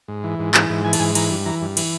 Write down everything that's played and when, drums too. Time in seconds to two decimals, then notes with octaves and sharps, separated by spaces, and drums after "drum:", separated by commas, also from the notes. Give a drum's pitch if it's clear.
0.08 G#2
0.24 E3
0.39 G#2
0.54 E3 A#5, drum: clap
0.70 G#2
0.84 E3 G#5
0.93 A5, drum: cymbal
1.00 G#2 G#5
1.15 E3 A#5, drum: cymbal
1.31 G2
1.46 E3 A#5
1.62 G2
1.77 E3, drum: cymbal